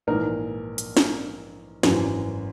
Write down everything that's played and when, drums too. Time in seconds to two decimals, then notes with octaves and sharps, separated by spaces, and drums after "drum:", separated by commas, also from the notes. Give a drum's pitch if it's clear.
0.07 A#1 G#2 E3 A#4
0.78 drum: hi-hat
0.97 drum: snare C#4
1.83 G#1 F#2 E3, drum: snare C#4